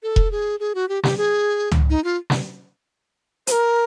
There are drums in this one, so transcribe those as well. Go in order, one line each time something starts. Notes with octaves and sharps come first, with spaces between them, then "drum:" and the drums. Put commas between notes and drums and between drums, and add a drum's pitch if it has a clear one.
A4
drum: kick E1
G#4
G#4
F#4
G4
G4, drum: snare
G#4
drum: tom
D#4
F4
drum: snare
C5, drum: hi-hat
A#4